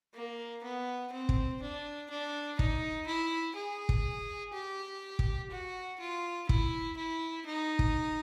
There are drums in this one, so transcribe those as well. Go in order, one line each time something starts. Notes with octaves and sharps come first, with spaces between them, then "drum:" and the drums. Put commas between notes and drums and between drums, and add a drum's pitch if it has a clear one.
A#3
B3
C4
drum: kick
D4
D4
D#4, drum: kick
E4
G#4
drum: kick
G4
drum: kick
F#4
F4
E4, drum: kick
E4
D#4
drum: kick